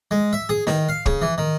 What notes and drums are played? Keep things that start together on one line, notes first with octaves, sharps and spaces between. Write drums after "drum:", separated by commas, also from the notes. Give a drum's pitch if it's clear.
G#3
E5
G#4
D#3, drum: snare
F5
C#3, drum: kick
E3
D#3